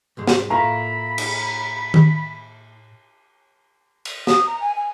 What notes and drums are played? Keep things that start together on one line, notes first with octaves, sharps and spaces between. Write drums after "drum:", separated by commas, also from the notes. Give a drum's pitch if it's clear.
C2 G#2 G#3
drum: snare
A2 A#3 E4 F4 A#5 B5
drum: cymbal
drum: tom D#3
drum: cymbal
D#6, drum: snare
A#5
G#5
G#5